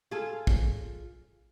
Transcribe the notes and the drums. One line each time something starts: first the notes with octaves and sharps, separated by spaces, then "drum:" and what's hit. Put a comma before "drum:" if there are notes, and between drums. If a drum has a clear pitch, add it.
F4 G#4 A4
drum: kick